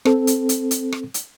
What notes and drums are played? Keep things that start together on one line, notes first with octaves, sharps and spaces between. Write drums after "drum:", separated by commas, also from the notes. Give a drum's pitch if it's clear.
C4 A4, drum: rim click
drum: hi-hat
drum: hi-hat
drum: hi-hat
drum: rim click
drum: hi-hat